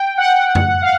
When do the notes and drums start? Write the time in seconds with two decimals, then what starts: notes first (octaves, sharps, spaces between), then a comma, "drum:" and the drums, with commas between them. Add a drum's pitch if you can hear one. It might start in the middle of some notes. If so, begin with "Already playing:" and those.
Already playing: G5
0.17 F#5
0.55 drum: tom F#2
0.82 F5